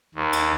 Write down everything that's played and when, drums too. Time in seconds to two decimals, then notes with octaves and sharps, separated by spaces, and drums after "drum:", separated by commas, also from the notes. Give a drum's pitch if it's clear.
0.15 D#2
0.33 drum: cymbal